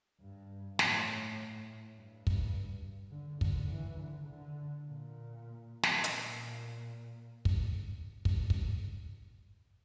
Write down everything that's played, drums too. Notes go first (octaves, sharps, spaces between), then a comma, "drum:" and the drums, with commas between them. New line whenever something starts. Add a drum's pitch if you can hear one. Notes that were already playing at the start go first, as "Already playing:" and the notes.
G2
A2, drum: snare
G2
drum: kick
D3
D3, drum: kick
E3
D3
D3
A#2
drum: snare
A#2, drum: hi-hat
drum: kick
drum: kick
drum: kick